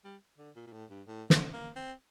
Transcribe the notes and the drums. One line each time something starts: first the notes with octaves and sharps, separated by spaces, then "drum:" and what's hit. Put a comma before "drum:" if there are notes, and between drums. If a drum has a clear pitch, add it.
G3
D3
A#2
A#2
A2
G2
A2
D3, drum: snare
A#3
C4